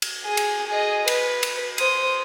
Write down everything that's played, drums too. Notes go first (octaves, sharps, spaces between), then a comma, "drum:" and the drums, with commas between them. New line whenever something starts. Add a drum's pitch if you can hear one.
drum: cymbal
G#4
drum: cymbal
G#4 D#5
B4, drum: cymbal
drum: cymbal
C5 D#6, drum: cymbal